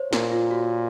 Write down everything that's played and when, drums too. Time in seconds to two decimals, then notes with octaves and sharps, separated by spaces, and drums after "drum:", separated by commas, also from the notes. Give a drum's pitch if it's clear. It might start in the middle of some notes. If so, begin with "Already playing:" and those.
Already playing: C5 C#5
0.13 A#2 A#4, drum: snare
0.31 F4
0.51 F#4